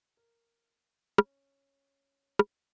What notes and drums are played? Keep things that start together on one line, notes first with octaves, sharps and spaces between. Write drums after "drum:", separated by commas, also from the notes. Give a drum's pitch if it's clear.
A#4
C#4, drum: rim click
drum: rim click